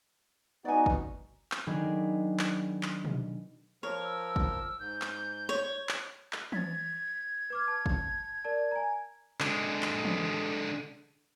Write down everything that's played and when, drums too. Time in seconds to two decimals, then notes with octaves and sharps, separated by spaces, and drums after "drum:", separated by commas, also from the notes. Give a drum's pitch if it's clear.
0.65 B3 D#4 F#4 D5 G#5
0.86 drum: kick
1.52 drum: clap
1.67 D#3 F#3 A#3 B3 D4 G#4
2.39 drum: clap
2.83 drum: clap
3.05 drum: tom B2
3.83 F3 A#4 C#5
4.04 E6
4.36 drum: kick
4.80 G#2 G6
5.02 drum: clap
5.49 C#5
5.89 drum: clap
6.33 drum: clap
6.52 G#6 A6 B6, drum: tom E3
7.50 B4 D6 F6
7.68 A5
7.86 drum: kick
8.45 A#4 D5 A5
8.71 G#5 A#5
9.40 D3 G#3, drum: clap
9.82 drum: clap
10.04 drum: tom E3